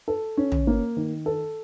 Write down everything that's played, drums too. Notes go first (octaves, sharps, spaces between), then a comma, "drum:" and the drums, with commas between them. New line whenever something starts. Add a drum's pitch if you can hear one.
A4
C#4
drum: tom
A#3
D#3
A4